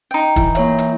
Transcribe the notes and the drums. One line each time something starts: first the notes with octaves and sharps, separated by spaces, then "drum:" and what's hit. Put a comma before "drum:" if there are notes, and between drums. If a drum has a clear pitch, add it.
D#4 G5
E3, drum: kick, hi-hat
A#3 C#5 E5, drum: hi-hat
drum: hi-hat